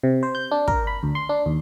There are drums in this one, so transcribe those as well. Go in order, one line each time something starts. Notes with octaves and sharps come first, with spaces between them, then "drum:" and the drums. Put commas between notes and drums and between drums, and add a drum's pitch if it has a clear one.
C3
C5
G6
D4
A#4, drum: kick
B5
D2
C6
D4
D#2